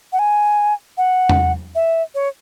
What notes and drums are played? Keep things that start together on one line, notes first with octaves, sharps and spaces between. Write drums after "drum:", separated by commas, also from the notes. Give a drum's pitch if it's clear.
F#5
G#5
F#5
drum: tom E2
E5
C#5